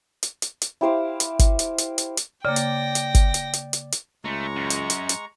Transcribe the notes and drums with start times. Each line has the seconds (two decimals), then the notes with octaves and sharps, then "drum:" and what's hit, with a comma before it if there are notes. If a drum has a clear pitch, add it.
0.23 drum: hi-hat
0.42 drum: hi-hat
0.62 drum: hi-hat
0.81 E4 G4 C5 F5
1.20 drum: hi-hat
1.39 drum: kick G1, hi-hat
1.59 drum: hi-hat
1.78 drum: hi-hat
1.98 drum: hi-hat
2.17 drum: hi-hat
2.45 C#3 A#3 D5 G5 A#6
2.56 drum: hi-hat
2.95 drum: hi-hat
3.15 drum: kick G1, hi-hat
3.34 drum: hi-hat
3.53 drum: hi-hat
3.73 drum: hi-hat
3.92 drum: hi-hat
4.24 C#2 G#3 A3 A#5 C#6
4.56 F#2
4.70 drum: hi-hat
4.90 drum: hi-hat
5.09 drum: hi-hat